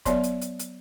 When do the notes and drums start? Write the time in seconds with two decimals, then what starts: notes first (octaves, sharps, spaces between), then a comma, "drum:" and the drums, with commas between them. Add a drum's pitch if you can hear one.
0.06 F#3 B3 C#5 D5 C6, drum: kick, hi-hat
0.23 drum: hi-hat
0.41 drum: hi-hat
0.59 drum: hi-hat